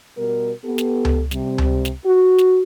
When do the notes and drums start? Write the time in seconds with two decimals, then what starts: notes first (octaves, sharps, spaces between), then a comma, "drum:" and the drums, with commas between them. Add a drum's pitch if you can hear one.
0.17 B2 G3 B3 A#4
0.65 B3 G4 A4
0.78 drum: snare
1.05 drum: tom C#2
1.31 C3 G3 C4, drum: snare
1.58 drum: tom C#2
1.85 drum: snare
2.05 F#4
2.38 drum: snare